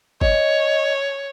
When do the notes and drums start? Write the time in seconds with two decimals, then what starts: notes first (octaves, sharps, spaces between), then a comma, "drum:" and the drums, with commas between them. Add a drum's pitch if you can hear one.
0.21 C#5 D#5, drum: kick